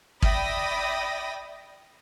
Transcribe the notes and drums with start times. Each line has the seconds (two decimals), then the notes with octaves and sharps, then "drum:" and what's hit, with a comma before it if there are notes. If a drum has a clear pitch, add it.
0.22 D5 E5 G5 B5 D#6 A#6, drum: kick